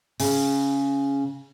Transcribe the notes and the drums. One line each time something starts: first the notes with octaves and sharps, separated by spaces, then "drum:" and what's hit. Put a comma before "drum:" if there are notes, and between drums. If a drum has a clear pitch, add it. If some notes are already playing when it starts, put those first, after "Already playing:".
C#3, drum: open hi-hat